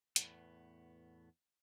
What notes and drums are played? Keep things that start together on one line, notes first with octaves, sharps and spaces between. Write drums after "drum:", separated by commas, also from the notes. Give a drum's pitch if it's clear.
E2 A2 B3, drum: hi-hat